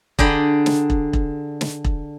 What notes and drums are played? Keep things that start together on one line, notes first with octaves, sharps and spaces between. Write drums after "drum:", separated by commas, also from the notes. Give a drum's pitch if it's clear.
D3 G#4 D5 G5 A#5 B5, drum: kick E1
drum: snare
drum: kick E1
drum: kick E1
drum: snare
drum: kick E1